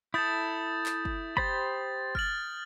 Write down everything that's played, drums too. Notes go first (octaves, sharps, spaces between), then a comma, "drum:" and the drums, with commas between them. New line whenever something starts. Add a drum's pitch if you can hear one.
E4 A4 D#6 G6 A6
drum: clap
drum: kick
G4 C5 B5 A6, drum: kick
F6 A6 F#7, drum: kick